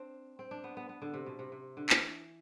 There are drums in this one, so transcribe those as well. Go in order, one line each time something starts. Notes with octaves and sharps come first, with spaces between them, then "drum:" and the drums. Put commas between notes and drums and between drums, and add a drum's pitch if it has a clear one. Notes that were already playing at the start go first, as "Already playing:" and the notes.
Already playing: C4 D4
C4
D4
B3
B3
B3
D3
C3
B2
C3
C3
D3
E3, drum: clap